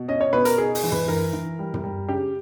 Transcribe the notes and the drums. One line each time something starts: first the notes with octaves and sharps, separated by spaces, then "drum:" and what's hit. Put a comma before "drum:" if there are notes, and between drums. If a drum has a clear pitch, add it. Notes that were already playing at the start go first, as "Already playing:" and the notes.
Already playing: B2
C#4 D#5
C#5
B2 B4
A#4, drum: hi-hat
D#4 G#4
G#4, drum: open hi-hat
E3
B4, drum: tom
E3 A#4
E3
G3
drum: tom
G3
C#3 G4